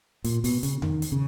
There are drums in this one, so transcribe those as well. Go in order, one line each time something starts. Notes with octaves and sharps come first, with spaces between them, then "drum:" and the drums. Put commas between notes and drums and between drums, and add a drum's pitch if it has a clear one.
A#2, drum: hi-hat
B2, drum: open hi-hat
C#3, drum: hi-hat
D#3, drum: tom E2
drum: hi-hat
C#3